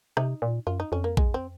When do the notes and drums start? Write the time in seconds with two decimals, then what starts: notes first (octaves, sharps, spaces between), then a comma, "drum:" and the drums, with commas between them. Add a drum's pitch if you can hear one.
0.17 C3 D#4, drum: rim click
0.42 A#2
0.67 F#2 F4
0.80 D#4
0.92 F2 C#4
1.04 A#3
1.17 G#3, drum: kick A#1
1.34 C4